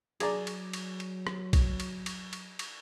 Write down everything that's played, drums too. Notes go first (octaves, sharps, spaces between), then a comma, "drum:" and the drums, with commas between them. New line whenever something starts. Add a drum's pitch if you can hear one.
F#3 G#4 D5 A#5, drum: cymbal
drum: cymbal
drum: cymbal
drum: cymbal
drum: rim click
drum: kick, cymbal
drum: cymbal
drum: cymbal
drum: cymbal
drum: cymbal